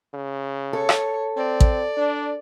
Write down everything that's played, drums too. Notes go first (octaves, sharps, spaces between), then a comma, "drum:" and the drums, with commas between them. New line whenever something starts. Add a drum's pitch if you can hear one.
C#3
A4 C#5
drum: rim click
C4 D5
drum: kick A1
D4